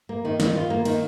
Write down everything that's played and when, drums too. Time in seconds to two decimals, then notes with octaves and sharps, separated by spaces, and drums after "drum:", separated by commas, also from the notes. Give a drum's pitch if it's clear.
0.09 A#3
0.25 D#3
0.40 D#3, drum: snare
0.55 F4
0.70 A#3
0.85 D#3, drum: cymbal